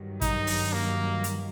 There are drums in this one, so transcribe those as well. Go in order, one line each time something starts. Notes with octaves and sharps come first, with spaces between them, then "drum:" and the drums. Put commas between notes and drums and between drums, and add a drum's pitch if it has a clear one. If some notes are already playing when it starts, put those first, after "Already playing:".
Already playing: G2 D#3 F#3
D#4, drum: kick, hi-hat
drum: open hi-hat
A#3
drum: hi-hat